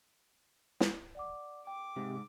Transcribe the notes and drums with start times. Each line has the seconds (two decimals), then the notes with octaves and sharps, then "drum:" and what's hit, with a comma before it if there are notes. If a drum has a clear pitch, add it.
0.80 drum: snare
1.15 D5 F#5 D6
1.67 G5 D6
1.96 G#2 C3